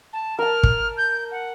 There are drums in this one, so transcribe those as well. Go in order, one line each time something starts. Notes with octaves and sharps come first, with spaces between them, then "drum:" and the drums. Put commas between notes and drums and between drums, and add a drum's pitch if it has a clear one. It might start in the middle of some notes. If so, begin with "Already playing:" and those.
A5
A#4 A5 F6
drum: kick
G6
F#5